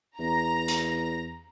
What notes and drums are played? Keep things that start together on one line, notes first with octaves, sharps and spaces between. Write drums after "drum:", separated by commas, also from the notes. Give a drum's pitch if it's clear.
E2 A#5 A#6
drum: hi-hat